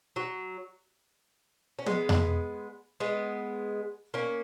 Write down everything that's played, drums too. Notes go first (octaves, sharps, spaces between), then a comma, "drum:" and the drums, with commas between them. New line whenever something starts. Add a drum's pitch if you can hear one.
F#3
C#4
G#3 B3, drum: tom
drum: tom F2
G#3 B3
A#3 C#4